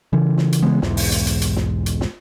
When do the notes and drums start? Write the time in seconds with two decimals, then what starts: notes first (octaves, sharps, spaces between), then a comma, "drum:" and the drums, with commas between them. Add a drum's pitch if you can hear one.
0.13 C#3 E3
0.38 drum: snare
0.52 drum: hi-hat
0.62 C#3 E3 G#3 B3
0.82 B1 E2 G#2, drum: snare
0.97 drum: open hi-hat
1.12 drum: hi-hat
1.27 drum: hi-hat
1.42 drum: hi-hat
1.56 drum: snare
1.86 drum: hi-hat
2.01 drum: snare